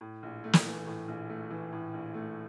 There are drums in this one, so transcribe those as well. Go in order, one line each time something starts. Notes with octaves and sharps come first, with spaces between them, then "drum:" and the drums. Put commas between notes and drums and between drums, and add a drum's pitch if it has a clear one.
A2
A#1
A3
drum: snare
E3
A2
A#1
A3
E3
A2
A#1
A3